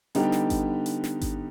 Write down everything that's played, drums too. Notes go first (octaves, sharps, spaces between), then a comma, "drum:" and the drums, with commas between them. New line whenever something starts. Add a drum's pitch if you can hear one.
D3 G3 B3 D#4 G4, drum: hi-hat
drum: snare
drum: kick G#1, hi-hat
drum: hi-hat
drum: snare
drum: kick G#1, hi-hat